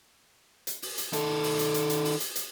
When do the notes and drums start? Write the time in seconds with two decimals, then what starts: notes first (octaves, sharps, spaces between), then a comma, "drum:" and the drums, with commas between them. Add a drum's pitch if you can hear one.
0.67 drum: hi-hat
0.82 drum: open hi-hat
0.98 drum: hi-hat
1.13 D#3 A4, drum: hi-hat
1.44 drum: open hi-hat
1.59 drum: hi-hat
1.74 drum: hi-hat
1.90 drum: hi-hat
2.05 drum: open hi-hat
2.20 drum: hi-hat
2.36 drum: hi-hat